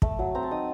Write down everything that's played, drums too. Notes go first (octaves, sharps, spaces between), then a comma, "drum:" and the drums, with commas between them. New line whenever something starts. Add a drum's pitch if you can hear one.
A3 A5, drum: kick
F#3
C4 A#5
A5
D#4 D#6